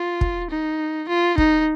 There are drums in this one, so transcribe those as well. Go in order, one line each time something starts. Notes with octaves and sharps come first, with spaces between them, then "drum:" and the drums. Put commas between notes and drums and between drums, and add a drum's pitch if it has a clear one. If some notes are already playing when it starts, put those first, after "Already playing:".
Already playing: F4
drum: kick
D#4
F4
D#4, drum: kick